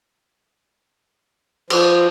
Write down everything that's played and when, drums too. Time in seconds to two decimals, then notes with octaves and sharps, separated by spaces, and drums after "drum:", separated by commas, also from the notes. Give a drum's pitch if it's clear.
1.70 F3, drum: cymbal